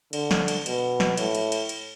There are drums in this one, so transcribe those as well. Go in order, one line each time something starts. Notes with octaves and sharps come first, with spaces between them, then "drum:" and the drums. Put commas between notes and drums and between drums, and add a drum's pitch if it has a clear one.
D3, drum: cymbal
drum: snare
drum: cymbal
B2, drum: cymbal
drum: snare
A2, drum: cymbal
drum: cymbal
drum: cymbal
drum: cymbal